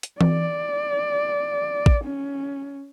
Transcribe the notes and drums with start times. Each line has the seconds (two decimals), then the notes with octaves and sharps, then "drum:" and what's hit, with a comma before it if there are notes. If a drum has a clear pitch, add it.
0.03 drum: hi-hat
0.21 D5, drum: tom E3
1.86 drum: kick
2.04 C#4